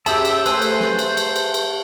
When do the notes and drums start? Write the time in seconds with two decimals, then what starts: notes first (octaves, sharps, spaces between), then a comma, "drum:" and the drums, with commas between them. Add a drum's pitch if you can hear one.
0.06 F#2 G4 G#4 E5 A5 E6, drum: cymbal
0.25 drum: cymbal
0.46 A3 B4 C5 G#5, drum: cymbal
0.62 drum: cymbal
0.80 drum: snare
0.99 drum: cymbal
1.17 drum: cymbal
1.36 drum: cymbal
1.54 drum: cymbal